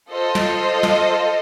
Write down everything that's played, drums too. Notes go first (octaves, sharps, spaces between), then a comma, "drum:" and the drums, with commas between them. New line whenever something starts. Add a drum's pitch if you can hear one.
F4 A4 C5 D#5
drum: snare
drum: snare